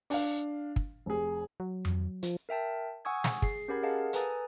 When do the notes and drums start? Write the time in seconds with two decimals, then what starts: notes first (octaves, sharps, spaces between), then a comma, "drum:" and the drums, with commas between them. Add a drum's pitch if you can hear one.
0.10 D4 F5, drum: open hi-hat
0.76 drum: kick
1.06 F1 G#4
1.60 F#3
1.85 drum: tom F2
2.23 F3, drum: hi-hat
2.49 A#4 E5 G5 A5
3.05 F#5 G#5 C#6 D#6 E6 G#6
3.24 drum: snare
3.42 G#4 C7, drum: kick
3.68 C#4 G4 A#4 F#5 B5 G#6
3.83 G#4 A#4 D#5 F5 F#5 A5
4.13 A4 B4 G#5 A#5 D#6 A6, drum: hi-hat